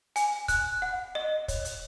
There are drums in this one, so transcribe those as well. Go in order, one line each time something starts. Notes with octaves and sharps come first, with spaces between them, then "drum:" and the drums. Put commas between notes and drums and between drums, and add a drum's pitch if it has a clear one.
G#5, drum: hi-hat
F#6, drum: kick, hi-hat
F#5
D#5
C#5, drum: kick, hi-hat
drum: hi-hat